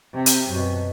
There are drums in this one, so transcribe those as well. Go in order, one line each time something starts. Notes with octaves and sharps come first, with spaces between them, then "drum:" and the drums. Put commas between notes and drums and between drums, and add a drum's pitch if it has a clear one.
C3
drum: hi-hat
F#2 B2